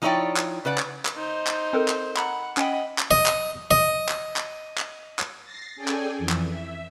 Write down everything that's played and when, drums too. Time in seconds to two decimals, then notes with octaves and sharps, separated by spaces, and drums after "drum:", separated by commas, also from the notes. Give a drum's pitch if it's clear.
0.02 F3 D#4 E4 C#5 D5 G5
0.36 drum: clap
0.65 C#3 B4 D5 F#5
0.78 drum: clap
1.05 drum: clap
1.16 D#4 C5
1.47 drum: clap
1.73 C4 A4 A#4
1.88 drum: clap
2.17 F#5 A#5 B5, drum: clap
2.57 C#4 D#5 F#5 G5 B5, drum: clap
2.98 drum: clap
3.11 D#5
3.26 drum: clap
3.71 D#5
4.09 drum: clap
4.36 drum: clap
4.78 drum: clap
5.19 drum: clap
5.43 A6 A#6 C7
5.76 C#4 G#4 A4 D5 G5 G#5
5.88 drum: clap
6.18 F2 E3
6.29 drum: clap
6.48 E5